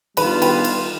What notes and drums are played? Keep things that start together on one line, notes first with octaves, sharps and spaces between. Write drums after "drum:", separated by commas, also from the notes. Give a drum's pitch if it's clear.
D#3 G3 B3 D4 F4 B4, drum: cymbal
G4 B4, drum: cymbal
drum: cymbal